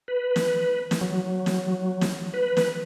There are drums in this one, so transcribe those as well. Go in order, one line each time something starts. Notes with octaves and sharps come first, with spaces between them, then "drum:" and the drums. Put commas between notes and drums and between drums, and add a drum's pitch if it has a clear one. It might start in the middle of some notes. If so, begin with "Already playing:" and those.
B4
drum: snare
drum: snare
F#3
drum: snare
drum: snare
B4
drum: snare